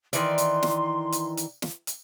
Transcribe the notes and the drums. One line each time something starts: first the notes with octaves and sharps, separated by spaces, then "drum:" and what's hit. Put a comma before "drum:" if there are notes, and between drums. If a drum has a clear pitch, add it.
D#3 E3 D5 C6, drum: hi-hat
drum: hi-hat
drum: snare
drum: hi-hat
drum: hi-hat
drum: snare
drum: hi-hat